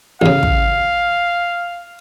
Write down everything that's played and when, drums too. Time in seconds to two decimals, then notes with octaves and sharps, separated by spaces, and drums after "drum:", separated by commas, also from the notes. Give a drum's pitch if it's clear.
0.22 A1 C#3 F5
0.43 drum: kick